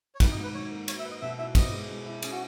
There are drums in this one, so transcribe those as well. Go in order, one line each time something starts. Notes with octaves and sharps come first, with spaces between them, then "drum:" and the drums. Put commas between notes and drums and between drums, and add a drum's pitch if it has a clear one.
C#5
D#3 B4, drum: kick, cymbal
D#5
G#2
B4
G#2 C#5
A#3
A#3 C#5, drum: cymbal
E5
B4
D#5
B2 E5
E4 E5
B3 D#5, drum: kick, cymbal
G#3
G#3
E4
C#4 G#4, drum: cymbal
F#4